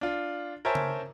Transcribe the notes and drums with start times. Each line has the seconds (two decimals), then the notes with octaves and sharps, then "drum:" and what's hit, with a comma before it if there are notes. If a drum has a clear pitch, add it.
0.01 D4 F4
0.65 A#4 C5 C#5 E5 G#5 A5
0.75 drum: tom C#3